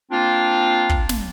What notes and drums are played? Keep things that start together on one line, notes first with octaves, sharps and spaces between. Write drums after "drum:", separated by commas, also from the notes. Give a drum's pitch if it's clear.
A#3 C4 D4 F4
drum: kick
drum: snare